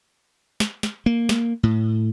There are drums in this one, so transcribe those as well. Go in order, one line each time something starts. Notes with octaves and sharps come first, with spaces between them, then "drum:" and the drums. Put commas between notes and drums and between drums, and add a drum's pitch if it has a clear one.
drum: snare
drum: snare
A#3
drum: snare
A2